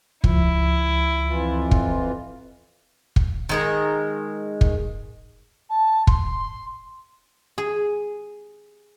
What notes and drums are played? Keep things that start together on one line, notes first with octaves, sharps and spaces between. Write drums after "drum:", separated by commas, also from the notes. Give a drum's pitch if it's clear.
C#2 F3 E4, drum: kick
F2 E3 F4
drum: kick
drum: kick
D#3 G#3 A#4
drum: kick
A5
C6, drum: kick
G#4